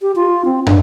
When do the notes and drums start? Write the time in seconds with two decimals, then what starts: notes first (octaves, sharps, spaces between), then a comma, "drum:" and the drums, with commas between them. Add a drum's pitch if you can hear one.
0.01 G4
0.15 F4
0.45 C4
0.66 D4, drum: tom